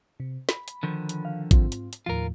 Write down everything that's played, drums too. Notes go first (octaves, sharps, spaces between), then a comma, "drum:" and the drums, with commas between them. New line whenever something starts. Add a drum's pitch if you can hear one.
C3
B5, drum: snare
drum: hi-hat
D3 D#3 F3
drum: hi-hat
F5
G#2 C4 F4, drum: kick A1, hi-hat
drum: hi-hat
drum: hi-hat
D#2 A2 F3 F4 A#4